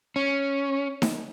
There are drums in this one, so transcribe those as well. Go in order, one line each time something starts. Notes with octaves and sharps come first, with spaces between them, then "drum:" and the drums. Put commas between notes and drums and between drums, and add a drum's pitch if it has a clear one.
C#4
drum: snare D#4